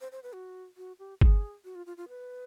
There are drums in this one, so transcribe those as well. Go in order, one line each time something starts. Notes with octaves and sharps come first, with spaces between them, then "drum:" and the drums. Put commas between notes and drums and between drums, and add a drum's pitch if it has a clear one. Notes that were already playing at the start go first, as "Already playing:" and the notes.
C5
C5
B4
F#4
F#4
G4
G#4, drum: kick G1
F#4
F4
F4
F4
B4